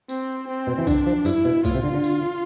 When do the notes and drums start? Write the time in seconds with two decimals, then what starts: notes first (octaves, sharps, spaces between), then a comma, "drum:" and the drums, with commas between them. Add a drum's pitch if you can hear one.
0.09 C4, drum: tambourine
0.48 C4
0.67 B2
0.78 E3
0.87 D3 D4, drum: kick B1, tambourine
1.06 F3
1.25 G2 E4, drum: tambourine
1.45 B2
1.65 A2 F4, drum: kick B1, tambourine
1.75 C3
1.84 D3
1.94 D3
2.04 drum: tambourine